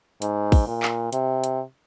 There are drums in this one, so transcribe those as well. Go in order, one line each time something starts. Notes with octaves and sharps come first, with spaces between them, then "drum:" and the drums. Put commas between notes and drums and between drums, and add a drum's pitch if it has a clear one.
G#2, drum: hi-hat
drum: kick, open hi-hat
A#2
drum: clap
C3, drum: hi-hat
drum: hi-hat